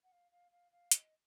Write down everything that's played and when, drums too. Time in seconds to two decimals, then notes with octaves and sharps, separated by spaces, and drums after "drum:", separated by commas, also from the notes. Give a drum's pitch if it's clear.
0.04 F#5
0.12 F5
0.31 F5
0.51 F5
0.72 F5
0.91 D#5, drum: hi-hat